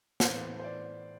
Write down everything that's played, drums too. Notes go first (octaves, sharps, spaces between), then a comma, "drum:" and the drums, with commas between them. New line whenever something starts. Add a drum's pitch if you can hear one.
A2 E3 B3 C5, drum: snare
C5
D5